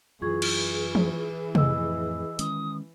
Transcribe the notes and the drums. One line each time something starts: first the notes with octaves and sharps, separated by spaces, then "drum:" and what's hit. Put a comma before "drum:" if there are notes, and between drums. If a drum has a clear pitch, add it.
F#2 E3 F4 G#4 C#6 G#6
drum: cymbal
drum: tom E3
F2 A2 D#5 E6, drum: tom C3
D#3 G#3 C#4 D#6, drum: hi-hat